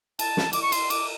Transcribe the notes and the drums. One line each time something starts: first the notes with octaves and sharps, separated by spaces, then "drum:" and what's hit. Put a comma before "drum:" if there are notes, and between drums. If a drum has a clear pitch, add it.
A5, drum: cymbal
drum: snare
D6, drum: cymbal
C#6
C6, drum: cymbal
D6, drum: cymbal